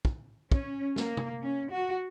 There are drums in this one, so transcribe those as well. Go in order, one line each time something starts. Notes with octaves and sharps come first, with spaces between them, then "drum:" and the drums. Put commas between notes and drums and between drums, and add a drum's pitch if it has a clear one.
drum: kick
C#4, drum: kick
A#3, drum: snare
drum: tom
C#4
F#4